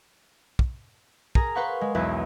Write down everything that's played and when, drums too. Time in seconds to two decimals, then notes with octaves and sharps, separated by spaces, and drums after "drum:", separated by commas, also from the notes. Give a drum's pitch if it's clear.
0.59 drum: kick
1.35 G#4 A#4 A#5, drum: kick
1.55 B4 C5 F5 F#5 B5 C#6
1.81 G#3
1.95 B1 E2 B4 B5 G#6